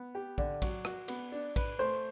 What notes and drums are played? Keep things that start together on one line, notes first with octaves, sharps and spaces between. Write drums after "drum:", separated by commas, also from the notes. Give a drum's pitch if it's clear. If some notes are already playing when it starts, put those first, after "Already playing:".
Already playing: B3
G4
D3 D5, drum: kick A#1
F#3, drum: kick A#1, cymbal
F#4, drum: rim click
B3, drum: cymbal
D4
B4, drum: kick A#1, cymbal
A3 C5